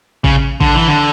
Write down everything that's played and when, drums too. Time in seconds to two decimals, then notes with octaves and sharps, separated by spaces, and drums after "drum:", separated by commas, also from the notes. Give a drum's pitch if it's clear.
0.24 C#3, drum: kick A1
0.61 D3, drum: kick A1
0.75 E3
0.88 D3